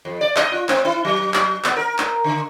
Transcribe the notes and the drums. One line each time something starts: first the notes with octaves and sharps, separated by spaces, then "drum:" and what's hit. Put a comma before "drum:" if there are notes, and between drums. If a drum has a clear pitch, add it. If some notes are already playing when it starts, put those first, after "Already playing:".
F2
D5
D#5, drum: clap
F4
C4, drum: clap
E4
F#3
drum: clap
B3, drum: clap
A#4
drum: clap
D3